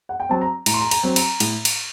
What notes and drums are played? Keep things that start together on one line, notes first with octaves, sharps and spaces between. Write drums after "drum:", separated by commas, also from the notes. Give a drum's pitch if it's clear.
F#5
G5
F#3 C4 A5
A#5
A2 A#5, drum: cymbal
C6
A#5
A#5, drum: cymbal
F#3 C4
A#5, drum: cymbal
A2, drum: cymbal
drum: cymbal